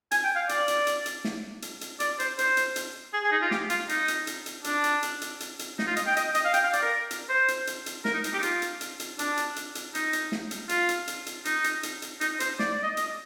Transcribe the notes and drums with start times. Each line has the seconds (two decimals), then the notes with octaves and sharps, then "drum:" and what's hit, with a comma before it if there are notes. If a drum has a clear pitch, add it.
0.11 G#5, drum: hi-hat
0.24 G5
0.36 F5
0.49 D5, drum: hi-hat
0.68 drum: hi-hat
0.87 drum: hi-hat
1.06 drum: hi-hat
1.25 drum: snare
1.62 drum: hi-hat
1.81 drum: hi-hat
2.00 D5, drum: hi-hat
2.20 C5, drum: hi-hat
2.39 C5, drum: hi-hat
2.57 drum: hi-hat
2.76 drum: hi-hat
3.13 G#4
3.24 G#4
3.32 D#4
3.42 F4
3.51 G4, drum: snare
3.70 F4, drum: hi-hat
3.89 D#4, drum: hi-hat
4.08 drum: hi-hat
4.27 drum: hi-hat
4.46 drum: hi-hat
4.64 D4, drum: hi-hat
4.84 drum: hi-hat
5.03 drum: hi-hat
5.22 drum: hi-hat
5.40 drum: hi-hat
5.59 drum: hi-hat
5.79 D#4, drum: snare
5.87 F4
5.97 D#5, drum: hi-hat
6.07 G5
6.17 D#5, drum: hi-hat
6.35 D#5, drum: hi-hat
6.45 F5
6.54 G5, drum: hi-hat
6.64 F5
6.73 D5, drum: hi-hat
6.83 A#4
7.11 drum: hi-hat
7.29 C5
7.48 drum: hi-hat
7.67 drum: hi-hat
7.86 drum: hi-hat
8.05 A#4, drum: snare
8.14 D#4
8.24 drum: hi-hat
8.34 G4
8.39 D#4
8.43 F4, drum: hi-hat
8.62 drum: hi-hat
8.81 drum: hi-hat
9.00 drum: hi-hat
9.19 D4, drum: hi-hat
9.37 drum: hi-hat
9.56 drum: hi-hat
9.75 drum: hi-hat
9.95 D#4, drum: hi-hat
10.13 drum: hi-hat
10.32 drum: snare
10.51 drum: hi-hat
10.69 F4, drum: hi-hat
10.89 drum: hi-hat
11.08 drum: hi-hat
11.26 drum: hi-hat
11.45 D#4, drum: hi-hat
11.64 drum: hi-hat
11.83 drum: hi-hat
12.02 drum: hi-hat
12.21 D#4, drum: hi-hat
12.40 C5, drum: hi-hat
12.59 D5, drum: snare
12.71 D5
12.83 D#5
12.97 D#5, drum: hi-hat